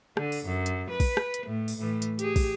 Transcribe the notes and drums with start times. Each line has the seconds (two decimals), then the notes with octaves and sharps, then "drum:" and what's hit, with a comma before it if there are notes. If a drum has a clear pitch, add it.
0.17 D3, drum: rim click
0.32 drum: open hi-hat
0.45 F#2
0.66 drum: hi-hat
0.91 B4
1.00 drum: kick, open hi-hat
1.17 drum: rim click
1.34 drum: hi-hat
1.46 A2
1.68 drum: open hi-hat
1.78 A2 E3
2.02 drum: hi-hat
2.19 G4 G#4, drum: hi-hat
2.36 drum: kick, open hi-hat